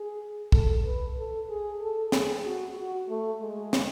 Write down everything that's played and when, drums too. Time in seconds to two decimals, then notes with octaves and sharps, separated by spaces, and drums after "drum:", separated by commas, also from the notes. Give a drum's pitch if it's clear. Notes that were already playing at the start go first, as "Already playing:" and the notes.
Already playing: G#4
0.52 A4, drum: kick
0.85 B4
1.17 A4
1.49 G#4
1.81 A4
2.12 G#4, drum: snare
2.45 F#4
2.77 F#4
3.09 A3
3.41 G#3
3.73 drum: snare